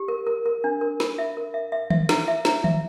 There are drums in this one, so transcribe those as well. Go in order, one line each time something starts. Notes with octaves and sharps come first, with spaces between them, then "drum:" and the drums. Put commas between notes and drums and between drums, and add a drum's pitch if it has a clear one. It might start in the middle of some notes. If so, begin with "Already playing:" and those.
Already playing: G4
A#4
A#4
A#4
D4
A#4
B5, drum: snare
E5
A#4
E5
E5
E5, drum: tom D#3
E4, drum: snare
E5
E4, drum: snare
E5, drum: tom D#3